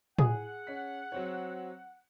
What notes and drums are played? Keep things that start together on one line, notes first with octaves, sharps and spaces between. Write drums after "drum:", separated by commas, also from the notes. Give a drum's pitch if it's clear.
G#4 F#5, drum: tom
C#4 B6
F#3 C4 C#5